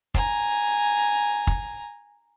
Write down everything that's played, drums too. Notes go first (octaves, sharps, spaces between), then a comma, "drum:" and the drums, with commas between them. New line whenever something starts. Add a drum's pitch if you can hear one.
G#5 A#5, drum: kick
drum: kick